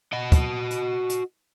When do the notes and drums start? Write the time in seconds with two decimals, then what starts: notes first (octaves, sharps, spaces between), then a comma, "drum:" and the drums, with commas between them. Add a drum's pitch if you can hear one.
0.13 F#4 D#5
0.32 drum: kick, hi-hat
0.71 drum: hi-hat
1.09 drum: hi-hat